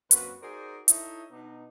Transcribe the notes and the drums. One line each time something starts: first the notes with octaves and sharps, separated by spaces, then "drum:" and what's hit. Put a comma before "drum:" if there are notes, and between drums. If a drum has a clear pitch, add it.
F#2 A#3 C4 F#4 B4, drum: hi-hat
D#4 F#4 G#4 A#4 C5 D5
D#4 E4 A4 C#5 D#5 E5, drum: hi-hat
B2 B3 D4 D#4